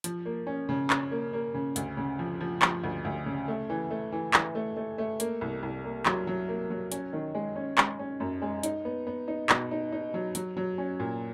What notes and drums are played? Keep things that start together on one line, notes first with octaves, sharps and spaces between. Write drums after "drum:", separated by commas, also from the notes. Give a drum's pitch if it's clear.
F3, drum: hi-hat
A#3
C#4
C#3
C#4, drum: clap
A#3
A#3
C#3
D2, drum: hi-hat
C#3
F3
F3
F3, drum: clap
D2
D2
C#3
A3
E3
A3
E3
E3, drum: clap
A3
A3
A3
A#3, drum: hi-hat
C2
C2
A#3
F#3, drum: clap
F#3
A#3
F#3
C#4, drum: hi-hat
D#3
G#3
C#4
G#3, drum: clap
C#4
F#2
G#3
D#4, drum: hi-hat
B3
B3
D#4
B2, drum: clap
D#4
D#4
F#3
F#3, drum: hi-hat
F#3
C#4
A#2